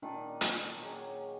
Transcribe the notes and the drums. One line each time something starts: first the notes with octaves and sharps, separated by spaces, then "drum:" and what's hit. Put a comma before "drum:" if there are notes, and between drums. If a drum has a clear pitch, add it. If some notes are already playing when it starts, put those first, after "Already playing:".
A#2 D#3 D4 F#5
drum: hi-hat
F#3 G#4 C#5